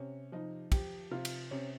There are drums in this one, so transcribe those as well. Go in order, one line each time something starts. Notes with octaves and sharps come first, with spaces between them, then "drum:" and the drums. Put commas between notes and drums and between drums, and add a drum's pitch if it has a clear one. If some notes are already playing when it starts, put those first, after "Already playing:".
Already playing: C3 C#4
F3 D#4
F3 G4, drum: kick, cymbal
C3 F4
drum: cymbal
C3 C#4